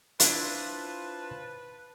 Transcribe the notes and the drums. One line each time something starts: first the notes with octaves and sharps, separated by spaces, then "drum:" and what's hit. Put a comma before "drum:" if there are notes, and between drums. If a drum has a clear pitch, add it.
D4 E4 F4 B4 C5 A5, drum: hi-hat